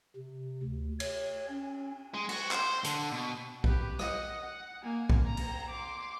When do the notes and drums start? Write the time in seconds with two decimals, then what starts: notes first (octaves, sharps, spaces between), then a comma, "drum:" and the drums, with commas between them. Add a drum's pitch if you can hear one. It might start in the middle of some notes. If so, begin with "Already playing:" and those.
0.17 C3
0.63 D2
1.00 C#5, drum: cymbal
1.49 C#4
2.14 G#3
2.29 F#4, drum: cymbal
2.51 C5, drum: clap
2.84 D3, drum: hi-hat
3.12 B2
3.64 G4 B4, drum: kick B1
3.99 D#5 F#5, drum: rim click
4.45 F#5
4.84 A#3 G#5
5.10 drum: kick B1
5.25 A#5
5.37 drum: cymbal
5.70 C6 D6